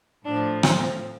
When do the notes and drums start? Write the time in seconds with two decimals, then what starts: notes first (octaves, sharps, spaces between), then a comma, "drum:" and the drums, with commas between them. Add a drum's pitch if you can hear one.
0.25 A2 F3 D4
0.63 C4, drum: rim click